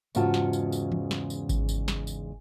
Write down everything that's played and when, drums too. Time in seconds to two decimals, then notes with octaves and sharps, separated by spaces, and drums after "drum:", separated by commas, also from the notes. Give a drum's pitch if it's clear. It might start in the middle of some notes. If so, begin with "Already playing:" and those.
0.15 E2 G#2 C#3 F4 F#4 A5, drum: tambourine
0.34 drum: snare
0.53 drum: tambourine
0.72 drum: tambourine
0.92 drum: tom E3
1.11 drum: snare
1.30 drum: tambourine
1.49 drum: kick G#1, tambourine
1.69 drum: tambourine
1.88 drum: snare
2.07 drum: tambourine